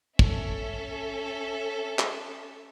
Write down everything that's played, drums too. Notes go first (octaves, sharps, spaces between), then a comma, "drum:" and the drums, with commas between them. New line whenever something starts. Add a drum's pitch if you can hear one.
C#4 A4 E5, drum: kick
drum: clap